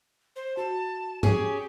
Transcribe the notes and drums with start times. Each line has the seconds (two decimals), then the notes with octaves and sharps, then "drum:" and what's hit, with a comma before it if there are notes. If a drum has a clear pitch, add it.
0.36 C5
0.57 F#4 A5
1.23 C#4 G4 G#4, drum: tom G#2